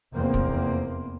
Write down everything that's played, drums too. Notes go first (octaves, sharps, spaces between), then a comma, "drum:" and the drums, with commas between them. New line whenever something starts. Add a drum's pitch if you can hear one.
F1 E2 A#3 C4
drum: kick